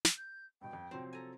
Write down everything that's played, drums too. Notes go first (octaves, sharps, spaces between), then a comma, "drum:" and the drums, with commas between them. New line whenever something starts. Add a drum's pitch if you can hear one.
drum: snare
G6
G2 B2 G5
F2
C3 F3 F#3 C4 C5
A4 G#5 A#5